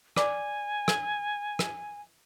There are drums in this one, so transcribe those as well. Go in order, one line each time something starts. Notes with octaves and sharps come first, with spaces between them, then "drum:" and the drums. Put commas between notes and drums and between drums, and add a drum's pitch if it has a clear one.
D5 G#5 D6, drum: rim click
drum: rim click
drum: rim click